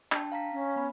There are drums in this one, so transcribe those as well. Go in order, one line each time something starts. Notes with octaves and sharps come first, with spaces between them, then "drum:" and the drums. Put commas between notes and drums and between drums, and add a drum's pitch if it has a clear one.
D4 G5 A5, drum: clap
F5 A#5 B6
C#4
B3 B5